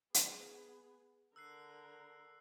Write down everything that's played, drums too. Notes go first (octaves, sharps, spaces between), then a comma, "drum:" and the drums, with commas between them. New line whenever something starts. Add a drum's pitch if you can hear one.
B3 G#4, drum: hi-hat
D3 A#4 E6 F#6 C7